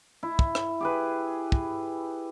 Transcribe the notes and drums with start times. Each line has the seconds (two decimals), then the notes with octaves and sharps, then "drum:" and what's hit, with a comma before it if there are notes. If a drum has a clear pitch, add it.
0.23 E4
0.39 drum: kick
0.55 drum: rim click
0.81 G4 G#4 B4
1.52 drum: kick